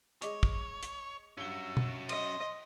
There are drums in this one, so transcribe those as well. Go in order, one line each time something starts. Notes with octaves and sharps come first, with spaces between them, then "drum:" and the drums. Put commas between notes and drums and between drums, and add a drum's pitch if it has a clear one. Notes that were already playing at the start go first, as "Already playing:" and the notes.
G#3 C#5 D#5 D6, drum: hi-hat
drum: kick
drum: hi-hat
G2 C#4 F#4 E6 G7
drum: tom B2
D#5 C6 D#7, drum: cymbal